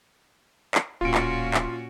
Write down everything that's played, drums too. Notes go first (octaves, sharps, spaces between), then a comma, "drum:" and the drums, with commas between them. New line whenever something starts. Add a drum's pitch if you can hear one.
drum: clap
D1 A#2 C#4 F4 F#4 D7
drum: clap
drum: clap